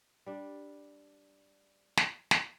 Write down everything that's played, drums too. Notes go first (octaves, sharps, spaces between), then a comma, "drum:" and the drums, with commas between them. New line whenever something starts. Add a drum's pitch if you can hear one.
G3 D4
drum: snare
drum: snare